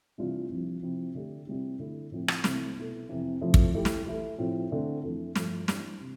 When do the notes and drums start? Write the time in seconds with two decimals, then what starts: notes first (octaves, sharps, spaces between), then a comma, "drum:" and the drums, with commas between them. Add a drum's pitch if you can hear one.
0.18 C3 E3 G3 D4 F4
0.50 C2 C3 F3
0.82 C3 F3 C4 E4
1.15 D3 A3 D4 G4
1.47 C3 G3 C4 E4 G4
1.79 D3 A3 E4
2.11 A2 F3 A3 C4
2.28 drum: rim click
2.44 C2 C3 E3 A3 E4, drum: snare
2.76 B2 B3 E4 A4
3.09 F2 C3 E3
3.41 C3 F3 A3 E4 A4
3.54 drum: kick
3.74 E3 A3 E4 G4
3.85 drum: snare
4.06 E3 A3 E4 A4
4.38 A2 F3 C4 F4
4.71 D3 A3 C4
5.03 F2 E3 A3
5.35 G2 F3 A3, drum: snare
5.68 E3 G3 D4 G4, drum: snare
6.00 C3